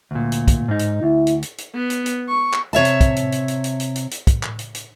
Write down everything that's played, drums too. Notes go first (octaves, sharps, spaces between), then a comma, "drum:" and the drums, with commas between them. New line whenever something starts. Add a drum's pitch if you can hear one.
D2 A#2
drum: hi-hat
drum: kick, hi-hat
G#2 D#4
drum: hi-hat
D2 E4
drum: hi-hat
drum: hi-hat
drum: hi-hat
B3
drum: hi-hat
drum: hi-hat
C#6
drum: clap
C3 C#5 E5 A5
drum: hi-hat
drum: kick, hi-hat
drum: hi-hat
drum: hi-hat
drum: hi-hat
drum: hi-hat
drum: hi-hat
drum: hi-hat
drum: hi-hat
drum: kick, hi-hat
drum: clap
drum: hi-hat
drum: hi-hat